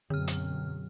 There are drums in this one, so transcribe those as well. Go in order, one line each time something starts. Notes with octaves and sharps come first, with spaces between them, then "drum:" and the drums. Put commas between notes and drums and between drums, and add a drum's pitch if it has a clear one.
F#2 B2 D3 F#3 F6
drum: hi-hat